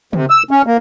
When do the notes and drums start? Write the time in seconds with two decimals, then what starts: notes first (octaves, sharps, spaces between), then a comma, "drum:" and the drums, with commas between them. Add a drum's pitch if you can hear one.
0.13 C3, drum: tom
0.30 E6
0.51 C#4
0.66 A#3